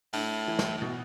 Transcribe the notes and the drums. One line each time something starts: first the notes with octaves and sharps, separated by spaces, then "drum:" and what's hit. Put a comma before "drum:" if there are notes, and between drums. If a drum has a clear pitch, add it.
A2 D4, drum: open hi-hat
E3
drum: snare
A2
B2